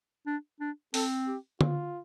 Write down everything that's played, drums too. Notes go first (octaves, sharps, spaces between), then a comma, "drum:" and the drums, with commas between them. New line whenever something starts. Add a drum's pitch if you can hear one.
D4
D4
C4 A4, drum: open hi-hat
G4
F4, drum: tom D3